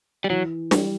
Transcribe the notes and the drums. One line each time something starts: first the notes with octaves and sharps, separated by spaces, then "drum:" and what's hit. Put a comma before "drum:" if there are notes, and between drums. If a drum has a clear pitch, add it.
G3
E3 F#3
G3, drum: snare